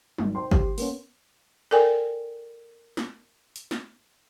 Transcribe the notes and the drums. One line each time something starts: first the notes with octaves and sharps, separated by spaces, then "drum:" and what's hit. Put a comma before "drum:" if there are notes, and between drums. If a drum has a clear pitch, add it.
G#1, drum: tom F#3
C5 G5 C6
G4, drum: kick
A#3 B3 C#4, drum: open hi-hat
A4 A#4 D5 G5 G#5
drum: snare
drum: hi-hat
drum: snare